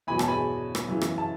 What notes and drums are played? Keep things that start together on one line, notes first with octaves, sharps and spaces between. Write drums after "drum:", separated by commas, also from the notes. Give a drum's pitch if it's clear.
E2 B2 F#3 G#5 B5
A5, drum: rim click
G#5 B5
drum: rim click
F#2 C#3 E3 G#3
drum: rim click
A5